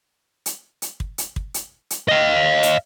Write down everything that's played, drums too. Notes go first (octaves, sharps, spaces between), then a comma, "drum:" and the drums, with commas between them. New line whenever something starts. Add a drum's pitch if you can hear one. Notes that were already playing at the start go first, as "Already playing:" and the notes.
drum: hi-hat
drum: hi-hat
drum: kick
drum: hi-hat
drum: kick
drum: hi-hat
drum: hi-hat
D#5 F5
drum: hi-hat